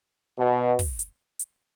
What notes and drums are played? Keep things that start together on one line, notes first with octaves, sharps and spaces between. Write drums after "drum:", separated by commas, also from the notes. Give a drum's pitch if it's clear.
B2
drum: kick, open hi-hat
drum: hi-hat
drum: hi-hat